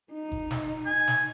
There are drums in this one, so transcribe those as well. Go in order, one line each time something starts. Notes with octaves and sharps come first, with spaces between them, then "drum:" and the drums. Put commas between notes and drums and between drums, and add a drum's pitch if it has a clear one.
D#4
drum: kick F#1
drum: snare
G#5
drum: snare